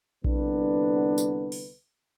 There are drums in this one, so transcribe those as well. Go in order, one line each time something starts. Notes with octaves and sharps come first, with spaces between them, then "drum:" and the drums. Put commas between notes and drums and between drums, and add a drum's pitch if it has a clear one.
C2 D3 B3 D4 B4, drum: kick A#1
drum: tambourine
drum: open hi-hat